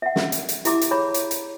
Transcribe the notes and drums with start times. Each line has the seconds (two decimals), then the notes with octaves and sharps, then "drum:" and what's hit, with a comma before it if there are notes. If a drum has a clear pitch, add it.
0.02 E5 F#5
0.16 drum: snare
0.32 drum: hi-hat
0.49 drum: hi-hat
0.65 E4 G4 E5 A#5 D6, drum: hi-hat
0.81 drum: hi-hat
0.91 G#4 C#5 A#5 B5
1.14 drum: hi-hat
1.31 drum: hi-hat